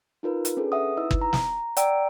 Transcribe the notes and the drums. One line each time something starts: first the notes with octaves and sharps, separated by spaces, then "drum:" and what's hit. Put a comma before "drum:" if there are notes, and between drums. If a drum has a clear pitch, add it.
D#4 F4 A#4 B4
drum: hi-hat
C#4 D4 G#4 A4 B4
E5 F#5 D#6
D#4 E4 B4 D#5 E6
drum: kick
A#5
drum: snare
D5 F#5 G5 A#5 E6 D7, drum: hi-hat